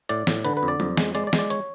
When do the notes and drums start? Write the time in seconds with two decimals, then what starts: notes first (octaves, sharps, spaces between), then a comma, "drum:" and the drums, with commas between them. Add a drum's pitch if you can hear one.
0.09 A2 D5, drum: hi-hat
0.27 A2, drum: snare
0.45 D3 B4, drum: hi-hat
0.57 B4
0.63 F2
0.68 D5
0.80 F2, drum: tom F#3
0.97 G#3, drum: snare
1.15 G#3 D5, drum: hi-hat
1.27 D5
1.33 G#3, drum: snare
1.39 D5
1.50 C#5, drum: hi-hat